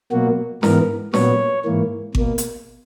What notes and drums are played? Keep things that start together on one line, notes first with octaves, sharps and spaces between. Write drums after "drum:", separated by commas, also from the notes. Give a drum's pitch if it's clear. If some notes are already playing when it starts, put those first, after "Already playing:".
B2 F#3 A#3 F#4
G#2 E3 B3 A#4, drum: snare
A#2 F#3 B3 C#5, drum: snare
G#2 E3 A#3
B2 A#3, drum: kick G#1
drum: hi-hat